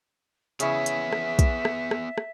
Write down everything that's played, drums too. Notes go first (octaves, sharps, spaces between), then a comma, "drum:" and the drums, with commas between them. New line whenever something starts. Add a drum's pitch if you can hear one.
C#3 B3 C#4 E4 G#4 E5, drum: hi-hat
drum: hi-hat
drum: rim click
drum: kick, hi-hat
drum: rim click
drum: rim click
drum: rim click